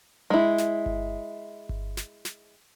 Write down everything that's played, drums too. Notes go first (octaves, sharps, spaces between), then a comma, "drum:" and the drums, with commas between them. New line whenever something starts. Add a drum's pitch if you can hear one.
G#3 E4
drum: snare
drum: kick G1
drum: kick G1
drum: snare
drum: snare